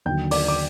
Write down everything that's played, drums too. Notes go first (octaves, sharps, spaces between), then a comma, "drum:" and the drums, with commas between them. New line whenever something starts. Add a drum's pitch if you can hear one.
D#2 D3 F#3 G5 G6
D5 D6, drum: open hi-hat
D6